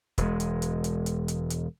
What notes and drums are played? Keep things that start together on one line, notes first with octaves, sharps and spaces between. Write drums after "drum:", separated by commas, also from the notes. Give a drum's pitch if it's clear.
E1 G#3, drum: kick, hi-hat
drum: hi-hat
drum: hi-hat
drum: hi-hat
drum: hi-hat
drum: hi-hat
drum: hi-hat